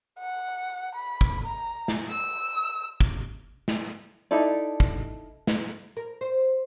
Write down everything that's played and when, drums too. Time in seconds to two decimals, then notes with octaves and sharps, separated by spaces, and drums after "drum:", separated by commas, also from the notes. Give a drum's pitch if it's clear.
0.19 F#5
0.95 B5
1.21 drum: kick
1.46 A#5
1.88 drum: snare
2.11 E6
3.00 drum: kick
3.68 drum: snare
4.31 D#4 E4 A4 D5
4.80 drum: kick
5.47 drum: snare
5.97 A#4
6.21 C5